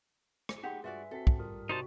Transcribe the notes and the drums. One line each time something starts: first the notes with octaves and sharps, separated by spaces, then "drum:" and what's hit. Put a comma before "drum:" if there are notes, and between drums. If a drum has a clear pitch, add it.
drum: rim click
D#4 G4 G#4 F#5 C6
G2 F4 F#4 B4 D5 E5 G#5
C4 F#4 A4 B6
drum: kick
G3 F4 A#4 D#6
C3 D#4 F#4 C5 D5 A5